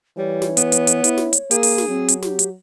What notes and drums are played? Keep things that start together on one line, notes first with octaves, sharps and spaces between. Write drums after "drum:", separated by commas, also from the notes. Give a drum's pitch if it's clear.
E3 G3 C#5
drum: snare
B3, drum: hi-hat
drum: hi-hat
drum: hi-hat
E4, drum: hi-hat
drum: snare
drum: hi-hat
A#3 G#4, drum: hi-hat
drum: open hi-hat
drum: snare
F#3 C4
drum: hi-hat
G4, drum: snare
drum: hi-hat